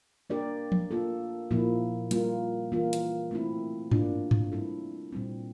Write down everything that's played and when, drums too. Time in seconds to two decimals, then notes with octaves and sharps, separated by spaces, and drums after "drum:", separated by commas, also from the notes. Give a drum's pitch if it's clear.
0.30 A#3 D4 G4 A#4 D5
0.72 drum: tom F3
0.91 A#3 F4 A4
1.51 A#2 F3 A#3 E4
2.11 G3 A#3 F4, drum: hi-hat
2.72 E3 A#3 F4
2.93 drum: hi-hat
3.31 A3 C4 E4
3.91 A#3 D4 F4, drum: tom G2
4.31 drum: tom G2
4.52 G3 C4 E4 A4
5.12 A#2 G3 C4